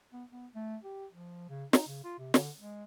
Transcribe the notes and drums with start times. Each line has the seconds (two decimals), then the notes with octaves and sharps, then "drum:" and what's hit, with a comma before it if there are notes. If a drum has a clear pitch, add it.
0.12 B3
0.31 B3
0.55 A3
0.83 G4
1.12 F3
1.49 C#3
1.73 D#4, drum: snare
1.88 C#3
2.04 F4
2.19 C3
2.34 D3, drum: snare
2.59 G#3